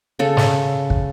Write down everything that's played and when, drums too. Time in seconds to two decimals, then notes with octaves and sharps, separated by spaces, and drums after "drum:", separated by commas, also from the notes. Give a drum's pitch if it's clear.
0.19 C#3 A4
0.37 drum: snare
0.90 drum: kick